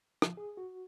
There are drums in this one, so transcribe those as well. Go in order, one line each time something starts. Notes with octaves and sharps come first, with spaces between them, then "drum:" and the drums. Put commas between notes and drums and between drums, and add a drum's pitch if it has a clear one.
F3, drum: rim click
G#4
F#4